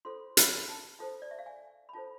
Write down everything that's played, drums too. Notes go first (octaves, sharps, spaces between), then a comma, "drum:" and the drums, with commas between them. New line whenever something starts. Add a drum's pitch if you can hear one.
F4 A4 C5 C6
B5, drum: hi-hat
A5
F4 A4 C5 A5
D5
E5
F5
G#5
B5
F4 A4 C5 A5